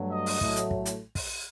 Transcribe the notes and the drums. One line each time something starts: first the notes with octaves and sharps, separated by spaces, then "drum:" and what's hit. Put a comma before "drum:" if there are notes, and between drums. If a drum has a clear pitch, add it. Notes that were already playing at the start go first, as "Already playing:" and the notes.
Already playing: G2 F#3 A3
D#5
drum: open hi-hat
A2 F#3 A3, drum: kick
drum: hi-hat
drum: kick
drum: hi-hat
drum: kick, open hi-hat